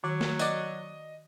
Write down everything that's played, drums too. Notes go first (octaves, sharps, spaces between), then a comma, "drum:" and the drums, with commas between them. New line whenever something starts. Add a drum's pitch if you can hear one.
D#3 F#3
drum: snare
F#4 D5 D#5, drum: tambourine